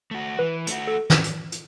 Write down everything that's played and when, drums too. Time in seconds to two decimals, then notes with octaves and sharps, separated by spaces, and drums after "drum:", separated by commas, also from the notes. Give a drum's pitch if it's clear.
0.11 A3 F#4
0.39 E3 B4
0.67 A3 F#4, drum: hi-hat
0.87 A4
1.10 drum: snare
1.24 drum: hi-hat
1.52 drum: hi-hat